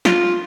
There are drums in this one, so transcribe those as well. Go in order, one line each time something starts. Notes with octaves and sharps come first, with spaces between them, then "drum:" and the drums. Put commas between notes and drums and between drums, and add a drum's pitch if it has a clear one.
F4, drum: snare